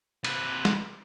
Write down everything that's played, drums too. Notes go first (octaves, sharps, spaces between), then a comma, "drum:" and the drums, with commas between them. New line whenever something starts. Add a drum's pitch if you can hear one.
C3 B4, drum: cymbal
drum: snare